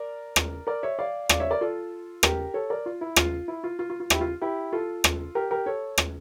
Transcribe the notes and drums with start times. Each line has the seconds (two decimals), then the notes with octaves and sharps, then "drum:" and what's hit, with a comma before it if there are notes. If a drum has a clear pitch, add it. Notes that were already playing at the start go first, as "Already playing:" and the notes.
Already playing: A#4 D5
0.36 drum: rim click
0.67 A#4 D5
0.83 C#5 E5
0.99 D5 F5
1.29 D5 F5, drum: rim click
1.40 C#5 E5
1.50 A#4 D5
1.61 F4 A4
2.23 G4 A#4, drum: rim click
2.54 A4 C#5
2.70 A#4 D5
2.86 F4
3.01 E4
3.16 F4, drum: rim click
3.48 E4
3.64 F4
3.79 F4
3.90 F4
4.00 F4
4.10 E4 G4, drum: rim click
4.21 F4
4.41 E4 G4
4.73 F4 A4
5.04 drum: rim click
5.35 G4 A#4
5.51 G4 A#4
5.66 A4 C#5
5.98 drum: rim click